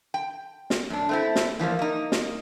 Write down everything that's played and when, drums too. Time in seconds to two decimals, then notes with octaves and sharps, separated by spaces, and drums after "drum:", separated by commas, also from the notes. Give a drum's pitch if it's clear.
0.14 G5
0.70 drum: snare
0.90 F#2 D4
1.09 A3 C4 E4
1.36 drum: snare
1.59 E3 F3 G3 A#3
1.79 A#3 D#4
2.12 drum: snare